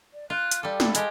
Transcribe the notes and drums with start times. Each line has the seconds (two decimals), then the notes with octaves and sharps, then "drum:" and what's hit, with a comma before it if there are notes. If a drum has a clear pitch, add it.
0.13 D5
0.30 F4 F#6
0.51 drum: hi-hat
0.63 G3 A4 D6
0.80 A4 B5, drum: snare
0.95 G#3 G4, drum: hi-hat